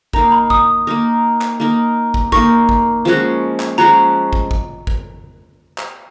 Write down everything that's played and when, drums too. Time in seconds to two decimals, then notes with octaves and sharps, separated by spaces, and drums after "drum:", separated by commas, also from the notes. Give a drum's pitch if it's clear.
0.13 A#3 D#4 A#4 A#5, drum: kick
0.32 B5
0.50 D#6, drum: kick
0.87 A#3 D#4 A#4
1.41 drum: clap
1.60 A#3 D#4 A#4
2.14 drum: kick
2.32 A#3 D#4 A#4 C#6, drum: kick
2.69 drum: kick
3.05 F3 G#3 C#4 F#4
3.60 drum: clap
3.78 F3 G#3 C#4 F#4 A#5
4.33 drum: kick
4.51 drum: kick
4.87 drum: kick
5.78 drum: clap